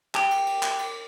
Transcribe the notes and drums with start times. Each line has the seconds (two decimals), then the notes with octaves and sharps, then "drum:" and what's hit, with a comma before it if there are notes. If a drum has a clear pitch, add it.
0.15 G4, drum: clap
0.31 drum: cymbal
0.47 drum: cymbal
0.63 drum: clap
0.79 drum: cymbal